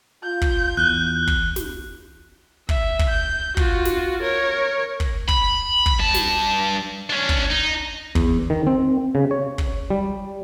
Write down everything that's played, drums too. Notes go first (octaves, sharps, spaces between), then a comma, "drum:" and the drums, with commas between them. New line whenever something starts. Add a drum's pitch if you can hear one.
F4 G6
drum: kick
E2 F#6 G7
drum: kick
drum: snare
E5, drum: kick
drum: kick
G6
F4 F#4, drum: kick
drum: snare
A#4 C#5
drum: kick
B5, drum: kick
drum: kick
G2 A5
drum: snare
C#4 D4
drum: kick
D#4
E2, drum: kick
D#3
C4
C#3
C#5
drum: kick
G3